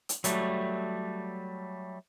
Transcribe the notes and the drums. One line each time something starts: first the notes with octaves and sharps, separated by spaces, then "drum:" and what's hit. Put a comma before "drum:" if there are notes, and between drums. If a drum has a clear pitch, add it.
drum: hi-hat
F#3 G3 A3, drum: hi-hat